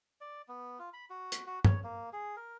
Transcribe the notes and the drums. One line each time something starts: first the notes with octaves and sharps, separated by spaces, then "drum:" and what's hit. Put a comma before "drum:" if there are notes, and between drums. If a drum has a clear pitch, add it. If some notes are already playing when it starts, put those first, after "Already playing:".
D5
B3
F4
B5
F#4
drum: hi-hat
F#4
C#5, drum: tom
A#3
G#4
A#4